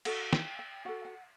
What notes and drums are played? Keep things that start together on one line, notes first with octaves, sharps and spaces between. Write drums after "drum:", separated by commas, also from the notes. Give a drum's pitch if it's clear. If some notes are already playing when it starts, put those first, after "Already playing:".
F#4 A4 F#5, drum: cymbal
G5, drum: snare
G5
F#4 A4 F#5
F#5